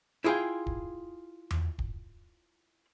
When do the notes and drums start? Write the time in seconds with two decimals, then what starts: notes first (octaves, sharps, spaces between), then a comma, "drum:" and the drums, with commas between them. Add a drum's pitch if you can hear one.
0.24 E4 F4 G#4 F5 G5
0.66 drum: kick
1.51 drum: tom E2
1.79 drum: kick